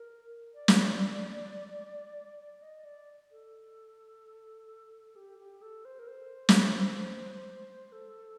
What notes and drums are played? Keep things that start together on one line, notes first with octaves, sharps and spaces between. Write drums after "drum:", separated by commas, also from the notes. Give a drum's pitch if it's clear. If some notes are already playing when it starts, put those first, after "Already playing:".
Already playing: A#4
D5
drum: snare
D5
D#5
D5
A4
G4
G4
A4
C5
A#4
C5
drum: snare
A4